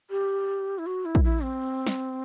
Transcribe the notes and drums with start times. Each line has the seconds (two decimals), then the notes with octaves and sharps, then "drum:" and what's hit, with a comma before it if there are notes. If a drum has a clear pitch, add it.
0.10 G4
0.78 E4
0.86 F#4
1.05 E4
1.15 drum: kick
1.24 E4
1.43 C4
1.87 drum: snare